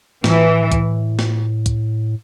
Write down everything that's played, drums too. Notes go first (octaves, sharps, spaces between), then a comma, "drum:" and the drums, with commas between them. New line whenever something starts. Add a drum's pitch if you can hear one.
A2 E3, drum: snare
drum: kick, hi-hat
drum: snare
drum: kick, hi-hat